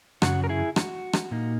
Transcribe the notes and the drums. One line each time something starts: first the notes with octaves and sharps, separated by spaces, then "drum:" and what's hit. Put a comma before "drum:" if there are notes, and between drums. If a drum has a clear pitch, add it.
F#2 C#3 F#3 F#4, drum: rim click
A#4
E4 G#4
F#4, drum: rim click
drum: rim click
A#2 A#3 D#4